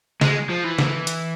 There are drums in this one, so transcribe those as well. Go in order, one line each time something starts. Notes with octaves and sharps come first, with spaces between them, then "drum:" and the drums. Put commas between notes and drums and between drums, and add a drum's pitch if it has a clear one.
G#3, drum: snare
F3
E3
drum: snare
drum: hi-hat